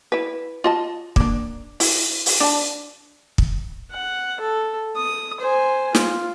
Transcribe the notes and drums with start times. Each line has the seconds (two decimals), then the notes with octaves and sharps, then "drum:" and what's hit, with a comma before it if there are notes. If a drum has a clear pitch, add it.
0.12 E4 B4
0.64 F4 D#5 A5
1.16 A#3 D4, drum: kick
1.80 E4, drum: open hi-hat
2.26 drum: open hi-hat
2.40 D4 A5
3.38 drum: kick
3.91 F#5
4.41 A4
4.96 D#6
5.40 C5 G#5
5.95 F4, drum: snare